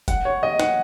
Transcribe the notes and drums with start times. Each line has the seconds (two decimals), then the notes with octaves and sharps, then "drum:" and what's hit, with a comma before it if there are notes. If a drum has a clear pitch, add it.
0.08 F#5, drum: kick, hi-hat
0.25 C#5
0.43 D#5
0.60 F#5, drum: snare